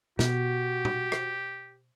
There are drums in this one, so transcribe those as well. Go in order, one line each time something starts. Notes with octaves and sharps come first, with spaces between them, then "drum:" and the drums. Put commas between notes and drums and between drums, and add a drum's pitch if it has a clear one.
B2 F#4 G4, drum: snare
drum: tom A#2
drum: rim click